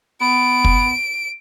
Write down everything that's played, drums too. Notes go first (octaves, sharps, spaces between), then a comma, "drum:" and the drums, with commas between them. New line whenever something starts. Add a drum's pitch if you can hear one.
B3 D7
drum: kick